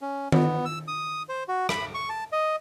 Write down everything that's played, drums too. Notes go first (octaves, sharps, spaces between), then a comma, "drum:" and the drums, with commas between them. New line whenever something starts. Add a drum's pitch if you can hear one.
C#4
B3, drum: tom D#3
E6
D#6
C5
F#4
B5, drum: rim click
C#6
A5
D#5